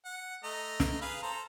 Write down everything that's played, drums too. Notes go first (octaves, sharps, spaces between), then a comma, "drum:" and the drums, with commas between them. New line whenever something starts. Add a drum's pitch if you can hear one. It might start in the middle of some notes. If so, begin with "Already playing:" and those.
F#5
A3 D#5 A#5
drum: snare
G#4 B4 F5
A4 C5 A#5